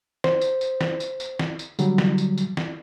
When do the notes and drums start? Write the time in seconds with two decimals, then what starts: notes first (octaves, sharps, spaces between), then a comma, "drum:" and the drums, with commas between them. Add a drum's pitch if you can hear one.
0.24 C5, drum: snare
0.41 drum: tambourine
0.61 drum: tambourine
0.81 drum: snare
1.00 drum: tambourine
1.20 drum: tambourine
1.39 drum: snare
1.59 drum: tambourine
1.79 D3 F#3 G3, drum: tambourine
1.98 drum: snare
2.18 drum: tambourine
2.38 drum: tambourine
2.57 drum: snare